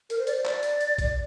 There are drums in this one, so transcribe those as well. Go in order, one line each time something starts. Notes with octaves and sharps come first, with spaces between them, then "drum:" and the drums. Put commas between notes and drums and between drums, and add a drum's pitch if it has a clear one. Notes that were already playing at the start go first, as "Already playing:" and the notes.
A#4, drum: hi-hat
C5
D5, drum: hi-hat
C5
D5, drum: clap
drum: hi-hat
drum: hi-hat
drum: kick A1, hi-hat